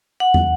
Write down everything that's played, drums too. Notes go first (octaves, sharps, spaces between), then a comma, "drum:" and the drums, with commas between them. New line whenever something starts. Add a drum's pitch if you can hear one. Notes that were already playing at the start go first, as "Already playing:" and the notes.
F#5
drum: tom